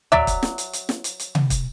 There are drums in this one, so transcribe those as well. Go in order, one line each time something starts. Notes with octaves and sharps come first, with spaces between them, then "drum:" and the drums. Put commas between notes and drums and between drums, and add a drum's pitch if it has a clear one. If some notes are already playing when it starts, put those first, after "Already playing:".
F#3 D5 E5, drum: tom
drum: kick, hi-hat
drum: snare
drum: hi-hat
drum: hi-hat
drum: snare
drum: hi-hat
drum: hi-hat
drum: tom C3
drum: kick, hi-hat